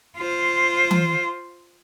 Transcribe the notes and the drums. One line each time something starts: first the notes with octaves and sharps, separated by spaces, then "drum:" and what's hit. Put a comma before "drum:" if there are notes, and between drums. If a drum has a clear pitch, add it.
F4 C5
drum: tom E3